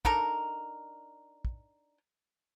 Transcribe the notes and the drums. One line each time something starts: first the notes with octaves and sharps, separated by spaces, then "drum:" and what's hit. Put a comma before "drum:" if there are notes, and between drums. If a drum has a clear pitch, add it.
D4 D#4 A4 A#4, drum: kick
drum: kick